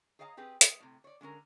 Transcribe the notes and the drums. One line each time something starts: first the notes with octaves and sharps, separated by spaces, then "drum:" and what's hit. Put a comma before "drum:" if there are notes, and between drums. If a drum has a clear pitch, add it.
G#4 C#5 D#5 F5 G5 A#5
C4 G4 G#4 B4
G#3, drum: hi-hat
A2 C3
C#5 D5
D3 G#3 C#4 A#4